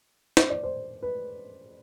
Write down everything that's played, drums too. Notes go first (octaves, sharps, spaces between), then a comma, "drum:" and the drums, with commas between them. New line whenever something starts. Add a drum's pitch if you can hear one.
C5, drum: snare
D5
C5
B4